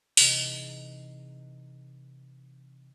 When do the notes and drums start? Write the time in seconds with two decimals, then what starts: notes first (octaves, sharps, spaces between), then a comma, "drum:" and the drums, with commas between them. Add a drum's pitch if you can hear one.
0.17 C3 E3 D#4 G#4, drum: open hi-hat